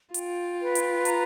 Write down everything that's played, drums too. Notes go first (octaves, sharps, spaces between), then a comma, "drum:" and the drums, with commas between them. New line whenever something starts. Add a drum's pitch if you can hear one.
F4 G5, drum: hi-hat
B4
drum: hi-hat
A#5, drum: hi-hat